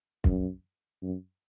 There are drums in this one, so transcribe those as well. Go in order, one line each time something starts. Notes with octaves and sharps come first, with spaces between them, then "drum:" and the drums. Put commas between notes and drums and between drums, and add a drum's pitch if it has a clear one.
F#2, drum: kick
F#2